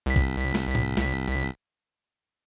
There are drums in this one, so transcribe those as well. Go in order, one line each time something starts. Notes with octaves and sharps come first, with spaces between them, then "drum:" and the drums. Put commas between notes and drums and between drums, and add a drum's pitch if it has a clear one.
C2 B6
drum: kick B1
drum: snare
drum: tom A2
drum: snare